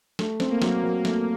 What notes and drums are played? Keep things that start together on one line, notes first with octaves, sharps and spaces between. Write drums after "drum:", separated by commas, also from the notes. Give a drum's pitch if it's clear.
A3, drum: snare
C4, drum: snare
A#3
F#3, drum: snare
F#3 A#3
A3, drum: snare